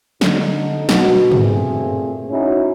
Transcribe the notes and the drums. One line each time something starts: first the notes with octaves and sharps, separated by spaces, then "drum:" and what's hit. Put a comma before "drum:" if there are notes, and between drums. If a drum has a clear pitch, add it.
D3 D#4, drum: snare
B2, drum: snare
A#2 A3 C4 G#4, drum: tom
C#4 D#4 E4 F#4